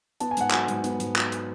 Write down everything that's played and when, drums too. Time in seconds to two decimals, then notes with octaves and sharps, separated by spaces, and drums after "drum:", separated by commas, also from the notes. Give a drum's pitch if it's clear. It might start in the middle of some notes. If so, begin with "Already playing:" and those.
0.20 B3 A5, drum: hi-hat
0.31 G#5
0.37 G#2 F#5, drum: hi-hat
0.51 F#3 G#5, drum: clap
0.68 G#2, drum: hi-hat
0.84 B3, drum: hi-hat
1.00 G#2, drum: hi-hat
1.16 F#3, drum: clap
1.32 drum: hi-hat